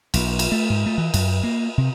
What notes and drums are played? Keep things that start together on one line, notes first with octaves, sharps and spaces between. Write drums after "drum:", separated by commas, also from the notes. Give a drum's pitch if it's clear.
B1, drum: cymbal
drum: cymbal
A3
G#2
A3
E3
F#2, drum: cymbal
A#3
C3